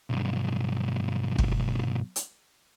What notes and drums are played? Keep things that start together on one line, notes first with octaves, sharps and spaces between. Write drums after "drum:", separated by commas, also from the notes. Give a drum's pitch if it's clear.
B1 G2
drum: kick
drum: hi-hat